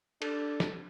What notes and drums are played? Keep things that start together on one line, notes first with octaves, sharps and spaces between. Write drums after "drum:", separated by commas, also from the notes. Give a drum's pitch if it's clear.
D4 A4, drum: cymbal
drum: snare